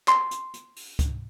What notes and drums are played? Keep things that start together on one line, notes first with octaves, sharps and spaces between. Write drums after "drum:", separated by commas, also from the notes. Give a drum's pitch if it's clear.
C6, drum: clap
drum: hi-hat
drum: hi-hat
drum: open hi-hat
drum: kick C#2, hi-hat